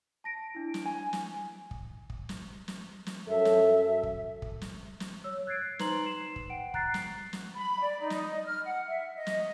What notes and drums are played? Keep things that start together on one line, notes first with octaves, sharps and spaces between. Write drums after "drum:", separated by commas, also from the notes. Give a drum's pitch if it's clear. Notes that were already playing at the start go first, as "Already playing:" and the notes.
A5 A#6 D7
D4 E4
drum: snare
G#5
drum: snare
drum: kick
drum: kick
drum: snare
drum: snare
drum: snare
F#2 A4 E5
drum: snare
drum: kick
drum: kick
drum: snare
drum: snare
C#5 E6
F#6 G#6 A6 C7 D7
D#4 B4 C5 A#5 C6 F#7, drum: snare
C7 E7
drum: kick
F#5 G5 D7
A#5 F#6 A6 C7, drum: kick
drum: snare
drum: snare
B5
D5
D#4
drum: snare
D#5
F6
F#5
E5
D#5
drum: snare